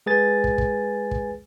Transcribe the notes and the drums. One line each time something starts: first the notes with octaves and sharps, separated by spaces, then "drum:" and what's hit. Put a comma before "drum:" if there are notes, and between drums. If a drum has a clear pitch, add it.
G#3 G#4 B4 G#5 A6
drum: kick
drum: kick
drum: kick